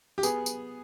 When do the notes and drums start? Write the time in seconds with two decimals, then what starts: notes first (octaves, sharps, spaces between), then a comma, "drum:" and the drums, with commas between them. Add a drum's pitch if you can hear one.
0.18 G4
0.23 B3 G#4, drum: tambourine
0.46 drum: tambourine